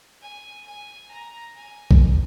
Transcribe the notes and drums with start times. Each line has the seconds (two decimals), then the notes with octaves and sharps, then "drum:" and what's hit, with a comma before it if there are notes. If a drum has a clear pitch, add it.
0.21 G#5
0.65 G#5
1.11 A#5
1.56 G#5
1.91 drum: kick A#1